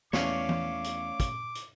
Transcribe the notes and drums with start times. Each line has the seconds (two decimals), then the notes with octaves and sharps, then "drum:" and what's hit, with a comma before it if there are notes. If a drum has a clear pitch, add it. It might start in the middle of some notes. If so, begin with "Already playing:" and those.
0.13 E2 A3 C#4 D4 C#5 F5 D6, drum: snare
0.49 drum: tom E3
0.84 drum: hi-hat
1.20 drum: kick, hi-hat
1.55 drum: hi-hat